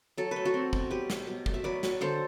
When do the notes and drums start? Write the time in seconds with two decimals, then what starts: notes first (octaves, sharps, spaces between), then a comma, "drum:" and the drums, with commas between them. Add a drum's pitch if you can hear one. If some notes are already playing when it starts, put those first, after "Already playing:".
0.17 F#3 A4
0.31 A3 B4
0.45 F#4 A4
0.54 C4
0.73 B2, drum: kick
0.91 F#3 G4 B4
1.10 F#3, drum: snare
1.27 B2
1.46 A3, drum: kick
1.54 E5
1.64 F#3 B4 D5
1.83 F#3, drum: snare
2.01 D3 A4 C5